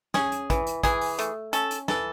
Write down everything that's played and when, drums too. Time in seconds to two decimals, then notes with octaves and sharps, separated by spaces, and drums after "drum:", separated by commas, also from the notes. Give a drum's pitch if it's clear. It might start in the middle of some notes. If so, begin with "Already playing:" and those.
0.14 C#4 G#4, drum: snare
0.32 drum: hi-hat
0.50 E3, drum: kick, hi-hat
0.67 drum: hi-hat
0.83 E3 G#4, drum: kick, hi-hat
1.01 drum: open hi-hat
1.19 A3, drum: hi-hat
1.53 C#4 A4, drum: hi-hat
1.71 drum: hi-hat
1.88 E3 A4, drum: snare